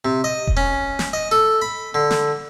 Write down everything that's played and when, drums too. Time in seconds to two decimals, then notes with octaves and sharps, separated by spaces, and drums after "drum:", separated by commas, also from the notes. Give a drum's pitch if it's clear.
0.05 C3
0.24 D#5
0.47 drum: kick E1
0.57 C#4
0.99 drum: snare
1.13 D#5
1.31 A4
1.62 B5
1.94 D3
2.11 drum: snare